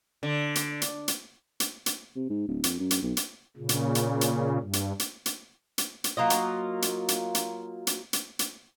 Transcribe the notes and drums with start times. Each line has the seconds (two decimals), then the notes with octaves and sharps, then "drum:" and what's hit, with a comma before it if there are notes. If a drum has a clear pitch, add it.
0.23 D3
0.55 drum: hi-hat
0.82 drum: hi-hat
1.08 drum: hi-hat
1.60 drum: hi-hat
1.86 drum: hi-hat
2.16 C3
2.30 G#2
2.48 D1
2.64 F2, drum: hi-hat
2.79 F#2
2.91 drum: hi-hat
3.03 B1
3.17 drum: hi-hat
3.57 A#2 C#3
3.69 drum: hi-hat
3.95 drum: hi-hat
4.21 drum: hi-hat
4.59 G2
4.73 drum: hi-hat
4.99 drum: hi-hat
5.26 drum: hi-hat
5.78 drum: hi-hat
6.04 drum: hi-hat
6.17 F#3 A#3 F4 D#5
6.30 drum: hi-hat
6.82 drum: hi-hat
7.08 drum: hi-hat
7.35 drum: hi-hat
7.87 drum: hi-hat
8.13 drum: hi-hat
8.39 drum: hi-hat